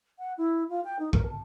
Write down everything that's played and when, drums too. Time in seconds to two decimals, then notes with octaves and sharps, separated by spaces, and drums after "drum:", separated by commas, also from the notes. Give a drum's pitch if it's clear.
0.19 F#5
0.38 E4
0.69 F4
0.84 G5
0.99 D#4
1.13 A#4, drum: kick A#1
1.26 A5